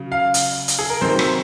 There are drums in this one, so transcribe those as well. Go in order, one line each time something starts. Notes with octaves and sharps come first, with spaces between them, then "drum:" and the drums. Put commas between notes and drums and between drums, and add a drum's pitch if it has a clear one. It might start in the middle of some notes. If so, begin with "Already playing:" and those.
Already playing: C#3 F#3
F5
drum: hi-hat
drum: hi-hat
G#4
A#4
C3 D#3 F#3 C5
drum: rim click